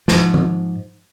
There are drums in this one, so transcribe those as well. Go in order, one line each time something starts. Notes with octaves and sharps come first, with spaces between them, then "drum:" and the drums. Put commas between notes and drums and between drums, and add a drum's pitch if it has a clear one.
G#2 F3, drum: snare
drum: tom D#3